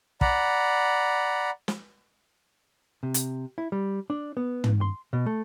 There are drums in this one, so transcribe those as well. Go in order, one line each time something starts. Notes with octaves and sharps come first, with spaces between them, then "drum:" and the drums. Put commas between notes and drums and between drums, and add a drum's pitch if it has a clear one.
D5 F#5 A#5 B5, drum: kick
drum: snare
C3
drum: hi-hat
E4
G3
D4
B3
drum: tom
C6
B2
A3